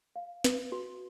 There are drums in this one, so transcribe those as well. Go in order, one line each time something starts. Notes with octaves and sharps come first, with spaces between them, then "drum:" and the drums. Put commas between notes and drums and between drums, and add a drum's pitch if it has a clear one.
F5
B4, drum: snare
F#4